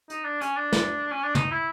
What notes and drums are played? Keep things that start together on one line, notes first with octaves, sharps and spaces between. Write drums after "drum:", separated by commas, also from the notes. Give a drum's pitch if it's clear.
D#4, drum: hi-hat
D4
C#4, drum: hi-hat
D4
drum: snare
C#4
D4
D#4, drum: tom
E4